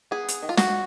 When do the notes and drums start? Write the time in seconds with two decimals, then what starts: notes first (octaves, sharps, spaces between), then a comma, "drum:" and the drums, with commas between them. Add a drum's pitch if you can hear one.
0.11 B3 G#4
0.28 drum: hi-hat
0.43 D#3
0.49 F4
0.57 F#4, drum: snare